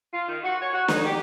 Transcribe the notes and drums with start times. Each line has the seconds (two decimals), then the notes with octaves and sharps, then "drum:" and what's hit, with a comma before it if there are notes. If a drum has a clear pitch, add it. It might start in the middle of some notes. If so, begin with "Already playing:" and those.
0.13 F4
0.28 D#3
0.44 F#4
0.61 C#5
0.74 F#4
0.88 D#4, drum: snare
1.04 G4